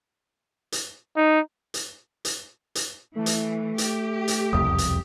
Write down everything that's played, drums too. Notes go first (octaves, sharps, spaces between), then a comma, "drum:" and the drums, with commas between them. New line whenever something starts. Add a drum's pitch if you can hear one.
drum: hi-hat
D#4
drum: hi-hat
drum: hi-hat
drum: hi-hat
E3 A3
drum: hi-hat
G4, drum: hi-hat
drum: hi-hat
E1 C2 F2 D#6
drum: hi-hat